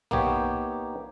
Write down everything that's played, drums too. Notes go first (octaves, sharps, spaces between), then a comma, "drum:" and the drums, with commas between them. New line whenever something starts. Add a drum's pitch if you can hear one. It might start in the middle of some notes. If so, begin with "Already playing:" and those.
A#3 B3 D#4 G4 C#5, drum: tom B1